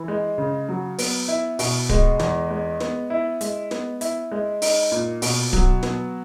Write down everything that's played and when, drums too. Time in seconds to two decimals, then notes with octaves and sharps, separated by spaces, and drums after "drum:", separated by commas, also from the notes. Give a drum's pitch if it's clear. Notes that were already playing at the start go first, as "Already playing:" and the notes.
Already playing: E3
0.08 G#3
0.38 C#3
0.69 F#3
0.98 B3, drum: open hi-hat
1.28 E4
1.59 B2, drum: open hi-hat
1.89 G#3, drum: kick D1
2.19 E2, drum: snare
2.50 G#3
2.80 B3, drum: snare
3.10 E4
3.41 G#3, drum: hi-hat
3.71 B3, drum: snare
4.01 E4, drum: hi-hat
4.32 G#3
4.62 D#4, drum: open hi-hat
4.92 A#2
5.22 B2, drum: open hi-hat
5.53 F#3, drum: kick D1
5.83 B3, drum: snare